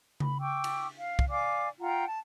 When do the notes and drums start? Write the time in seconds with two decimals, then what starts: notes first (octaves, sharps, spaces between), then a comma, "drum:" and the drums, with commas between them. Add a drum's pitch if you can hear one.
0.20 B5, drum: tom C#3
0.41 G5 C#6 D6 E6
0.64 drum: cymbal
0.99 F5
1.19 drum: kick
1.30 D5 F5 G#5 D6
1.81 F4 F#5 G5 A#5
2.07 A5